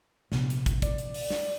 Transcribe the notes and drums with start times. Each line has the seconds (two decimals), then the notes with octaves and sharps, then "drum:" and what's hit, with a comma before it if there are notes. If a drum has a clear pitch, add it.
0.32 A#1 C3 B3, drum: snare
0.50 drum: hi-hat
0.66 drum: kick, hi-hat
0.82 D5, drum: kick, hi-hat
0.98 drum: hi-hat
1.14 drum: open hi-hat
1.30 drum: snare